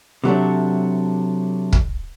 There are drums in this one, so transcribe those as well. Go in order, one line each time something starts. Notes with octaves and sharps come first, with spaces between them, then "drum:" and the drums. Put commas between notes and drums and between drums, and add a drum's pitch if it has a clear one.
C3 F#3 A3 D4
drum: kick